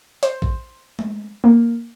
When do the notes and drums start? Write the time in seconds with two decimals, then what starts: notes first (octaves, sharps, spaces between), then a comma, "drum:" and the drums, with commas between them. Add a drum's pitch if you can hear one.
0.23 C5, drum: hi-hat
0.42 drum: kick A#1
0.99 drum: tom G#3
1.44 A#3